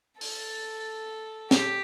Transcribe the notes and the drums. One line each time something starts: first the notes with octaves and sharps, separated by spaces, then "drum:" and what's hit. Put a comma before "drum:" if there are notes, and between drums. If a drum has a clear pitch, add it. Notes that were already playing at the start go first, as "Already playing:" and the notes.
A4, drum: open hi-hat
G4, drum: snare